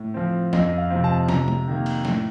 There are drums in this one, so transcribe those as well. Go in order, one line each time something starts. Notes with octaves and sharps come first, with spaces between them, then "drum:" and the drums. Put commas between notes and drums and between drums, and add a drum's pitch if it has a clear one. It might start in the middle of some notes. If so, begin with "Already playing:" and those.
Already playing: A2
F3 C4
F2 D#5, drum: snare
F5
C3 F3 C4
A5
C3 A#5, drum: snare
drum: tom G#3
D#3 A#3
drum: cymbal
A2, drum: snare